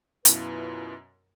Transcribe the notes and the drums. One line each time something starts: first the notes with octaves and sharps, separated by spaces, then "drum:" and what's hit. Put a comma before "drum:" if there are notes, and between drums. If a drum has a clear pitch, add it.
F#2 B2 E4 F4 B4, drum: hi-hat